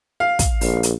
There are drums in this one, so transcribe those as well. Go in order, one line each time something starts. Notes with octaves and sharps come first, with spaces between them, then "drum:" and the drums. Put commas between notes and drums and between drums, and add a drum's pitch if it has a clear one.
F5
drum: kick, hi-hat
A#1, drum: open hi-hat
drum: hi-hat